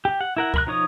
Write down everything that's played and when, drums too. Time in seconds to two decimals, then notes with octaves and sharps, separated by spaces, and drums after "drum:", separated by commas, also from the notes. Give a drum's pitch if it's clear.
0.05 G4
0.21 F#5
0.37 E4 A#4 F#5
0.54 A#4 B5 F#6, drum: kick C#2
0.67 F3 D#4 C#5 D#6